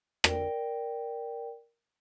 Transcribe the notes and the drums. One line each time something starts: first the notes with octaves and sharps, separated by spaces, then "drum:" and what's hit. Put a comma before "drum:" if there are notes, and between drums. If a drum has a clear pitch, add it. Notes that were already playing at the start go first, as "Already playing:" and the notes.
A#4 D5 G5, drum: rim click